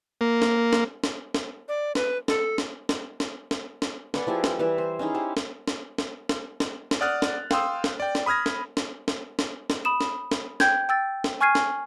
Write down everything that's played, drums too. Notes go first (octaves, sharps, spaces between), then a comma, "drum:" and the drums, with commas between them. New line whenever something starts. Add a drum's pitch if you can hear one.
A#3
drum: snare
drum: snare
drum: snare
drum: snare
D5
B4, drum: snare
A4, drum: snare
drum: snare
drum: snare
drum: snare
drum: snare
drum: snare
B4 D5 F#5 G#5, drum: snare
F3 E4 G4 G#4
drum: snare
E3 G3 B4 E5
C5
C#4 D#4 E4 G#4
C#4 G4 C5
drum: snare
drum: snare
drum: snare
drum: snare
drum: snare
drum: snare
D5 F#5 D#6 F6 F#6 A6
drum: snare
F5 G5 C6 D#6 E6, drum: snare
drum: snare
D5 G5
drum: snare
B5 D#6 F6 G#6 A#6
drum: snare
drum: snare
drum: snare
drum: snare
drum: snare
B5 D#6 E7
drum: snare
drum: snare
G5 G6 G#6, drum: snare
G5 E6 A6
drum: snare
G#5 C#6 F6 G#6 C7 D#7
drum: snare